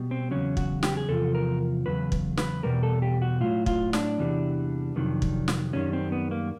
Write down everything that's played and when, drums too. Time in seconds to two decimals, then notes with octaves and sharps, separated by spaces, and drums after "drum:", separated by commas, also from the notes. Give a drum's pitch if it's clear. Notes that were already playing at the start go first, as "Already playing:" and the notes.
Already playing: B2 G3
0.11 C4
0.31 E2 C#3 F#3 C#4
0.57 F#4, drum: kick
0.83 G4, drum: snare
0.97 G#4
1.09 E2 C3 F3 A4
1.35 A#4
1.86 E2 C#3 F#3 B4
2.12 drum: kick
2.37 B4, drum: snare
2.63 E2 B2 G3 A#4
2.83 A4
3.02 G4
3.22 F#4
3.41 A2 F#3 F4
3.66 F4, drum: kick
3.93 D4, drum: snare
4.18 E2 C3 E3 G3
4.96 F2 C3 D#3 F#3
5.22 drum: kick
5.48 drum: snare
5.73 F#2 D#3 G3 C#4
5.93 C4
6.12 B3
6.31 A#3